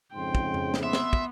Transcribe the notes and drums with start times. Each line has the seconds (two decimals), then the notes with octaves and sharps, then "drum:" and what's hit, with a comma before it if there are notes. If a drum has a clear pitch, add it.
0.15 F2 G#2 C#3 G5 C6
0.35 drum: kick
0.54 drum: tom F2
0.74 drum: snare
0.83 B3 E5 C6
0.93 drum: snare
1.13 drum: kick